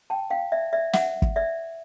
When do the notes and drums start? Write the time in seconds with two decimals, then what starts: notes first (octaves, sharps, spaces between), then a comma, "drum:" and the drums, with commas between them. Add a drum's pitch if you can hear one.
0.10 G5 A5
0.30 F5 G5
0.52 D5 E5
0.73 D5 E5
0.93 E5 F#5, drum: snare
1.22 drum: kick
1.36 D5 E5